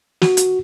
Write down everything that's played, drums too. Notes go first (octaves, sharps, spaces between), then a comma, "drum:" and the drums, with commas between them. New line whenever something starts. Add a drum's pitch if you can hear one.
F#4, drum: snare
drum: hi-hat